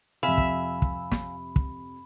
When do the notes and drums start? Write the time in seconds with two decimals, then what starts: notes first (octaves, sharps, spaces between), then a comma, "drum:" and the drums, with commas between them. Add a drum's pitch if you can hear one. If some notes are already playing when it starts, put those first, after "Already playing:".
0.23 F2 C3 E5 F5 G#5 B5 E6
0.38 drum: kick
0.82 drum: kick
1.12 drum: snare
1.56 drum: kick